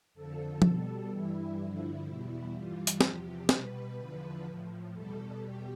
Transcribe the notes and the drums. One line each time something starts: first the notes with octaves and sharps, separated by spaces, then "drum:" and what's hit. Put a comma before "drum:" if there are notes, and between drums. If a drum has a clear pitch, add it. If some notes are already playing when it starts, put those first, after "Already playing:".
F2 D3 F3 A4
B2 G3 A4, drum: tom F3
G2 E3 G3 E4
G2 D3 F3
E2 B2 G3 E4
G2 E3 G3 F4
drum: hi-hat
E2 C3 F3 G4, drum: snare
B2 G3 B4, drum: snare
E2 D3 F3
A2 F3
E2 B2 G3 A4
E2 B2 G3 G4